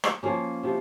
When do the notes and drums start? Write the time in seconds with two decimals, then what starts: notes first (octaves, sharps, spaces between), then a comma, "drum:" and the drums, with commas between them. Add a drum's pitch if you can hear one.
0.04 drum: rim click
0.23 F3 A#3 C#4
0.63 C3 F3